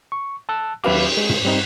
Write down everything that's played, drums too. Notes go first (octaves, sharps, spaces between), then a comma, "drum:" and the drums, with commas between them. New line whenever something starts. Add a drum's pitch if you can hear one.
C#6
A5 E6 F#6
D#2 F#3 B4 E5 F5 D6, drum: cymbal
G#3
drum: tom
G3 C4 D#4